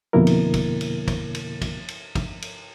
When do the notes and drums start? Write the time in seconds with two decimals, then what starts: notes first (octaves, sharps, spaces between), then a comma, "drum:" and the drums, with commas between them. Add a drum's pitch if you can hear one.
0.13 F2 B2 D3 A#3 E4 A#4
0.27 drum: cymbal
0.54 drum: kick, cymbal
0.81 drum: cymbal
1.08 drum: kick, cymbal
1.35 drum: cymbal
1.62 drum: kick, cymbal
1.88 drum: cymbal
2.15 drum: kick, cymbal
2.42 drum: cymbal